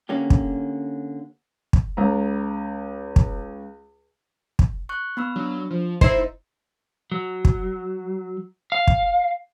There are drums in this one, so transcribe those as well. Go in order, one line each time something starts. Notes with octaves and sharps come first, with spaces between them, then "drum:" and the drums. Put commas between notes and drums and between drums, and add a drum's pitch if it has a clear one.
D3 A#3 C#4 G4
drum: kick
drum: kick
C#2 A#5
drum: kick
drum: kick
C#6 F#6
B3 B5 E6
F#3 D4
F3
C4 D#4 E4 C5 D#5, drum: kick
F#3
drum: kick
F5
drum: kick